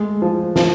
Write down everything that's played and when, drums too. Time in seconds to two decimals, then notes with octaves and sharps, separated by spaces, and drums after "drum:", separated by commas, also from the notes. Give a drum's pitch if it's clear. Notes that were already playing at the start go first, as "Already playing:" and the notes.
Already playing: G#3 A3
0.22 F3
0.56 F3, drum: snare